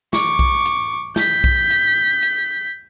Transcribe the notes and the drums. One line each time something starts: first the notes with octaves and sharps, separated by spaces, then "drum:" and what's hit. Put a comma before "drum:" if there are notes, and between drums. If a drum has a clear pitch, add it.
C#6 D6, drum: snare
drum: kick B1
drum: hi-hat
G6 B6, drum: snare
drum: kick B1
drum: hi-hat
drum: hi-hat